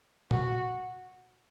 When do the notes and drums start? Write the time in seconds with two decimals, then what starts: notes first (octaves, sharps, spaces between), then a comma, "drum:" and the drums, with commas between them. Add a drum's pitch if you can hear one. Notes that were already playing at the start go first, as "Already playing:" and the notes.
0.31 F#4, drum: tom